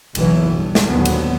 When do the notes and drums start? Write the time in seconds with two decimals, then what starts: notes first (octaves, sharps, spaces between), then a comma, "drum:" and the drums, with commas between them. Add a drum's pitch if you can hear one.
0.15 F#1 B1 E2 B2 E3 F#3, drum: cymbal
0.52 G2
0.75 drum: snare
0.90 D#2 A#2 D3 F#3 B3 C4
1.05 drum: cymbal